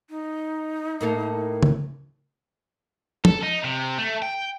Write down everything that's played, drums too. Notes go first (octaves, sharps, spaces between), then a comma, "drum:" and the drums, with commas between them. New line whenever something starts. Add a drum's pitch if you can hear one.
D#4
A2 A#3 A4
drum: tom C#3
A4, drum: tom F3
D#4
C3
A3
G5